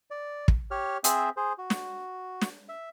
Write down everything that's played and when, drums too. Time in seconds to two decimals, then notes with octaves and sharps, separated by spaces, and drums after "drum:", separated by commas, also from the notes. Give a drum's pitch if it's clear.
0.10 D5
0.48 drum: kick
0.71 G4 C#5 F6
1.04 C4 G#4 C5 E5, drum: hi-hat
1.37 G#4 C5
1.58 F#4
1.70 drum: snare
2.41 drum: snare
2.69 E5